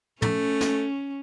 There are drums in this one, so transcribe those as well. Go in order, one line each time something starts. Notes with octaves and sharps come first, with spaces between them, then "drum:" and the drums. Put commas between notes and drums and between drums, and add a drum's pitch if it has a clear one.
A3 C#4, drum: tom
drum: snare